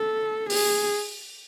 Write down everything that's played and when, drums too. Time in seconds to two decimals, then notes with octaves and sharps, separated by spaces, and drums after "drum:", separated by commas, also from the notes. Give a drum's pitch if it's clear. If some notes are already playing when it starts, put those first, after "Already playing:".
Already playing: A4
0.50 G#4, drum: open hi-hat